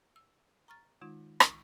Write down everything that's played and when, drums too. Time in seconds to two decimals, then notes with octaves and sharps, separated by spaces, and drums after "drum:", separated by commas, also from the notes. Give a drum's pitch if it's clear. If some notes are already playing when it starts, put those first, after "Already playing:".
0.16 E6
0.68 A#5 C#6 F6 A6
1.01 D#3 G#3 D#4 F4
1.40 drum: rim click